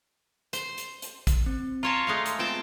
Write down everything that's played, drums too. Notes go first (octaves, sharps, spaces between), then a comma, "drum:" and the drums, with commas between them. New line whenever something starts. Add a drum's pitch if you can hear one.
C5, drum: hi-hat
drum: hi-hat
drum: hi-hat
drum: kick, hi-hat
C4
F4 C#5 A5 A#5 C6 A#6
G#3 A3 F5
drum: hi-hat
B3 C4 F4 G5 A5